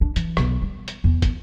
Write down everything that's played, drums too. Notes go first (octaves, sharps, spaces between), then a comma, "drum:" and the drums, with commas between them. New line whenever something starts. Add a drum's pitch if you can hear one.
D4
E3, drum: hi-hat
B1, drum: rim click
G3
drum: hi-hat
E2
drum: kick, hi-hat